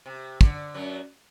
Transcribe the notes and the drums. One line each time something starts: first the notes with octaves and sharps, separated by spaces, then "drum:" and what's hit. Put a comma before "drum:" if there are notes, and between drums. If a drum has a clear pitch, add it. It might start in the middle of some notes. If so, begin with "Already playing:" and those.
C3
D3, drum: kick
F#2 F#3